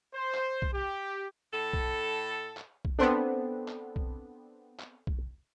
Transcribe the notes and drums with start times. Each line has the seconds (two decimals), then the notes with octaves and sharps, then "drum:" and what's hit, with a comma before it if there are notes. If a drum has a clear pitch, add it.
0.14 C5
0.34 drum: clap
0.62 drum: kick B1
0.72 G4
1.53 A2 A4
1.73 drum: kick B1
2.57 drum: clap
2.85 drum: kick B1
2.99 B3 C4 D4 A4 C5
3.68 drum: clap
3.96 drum: kick B1
4.79 drum: clap
5.07 drum: kick B1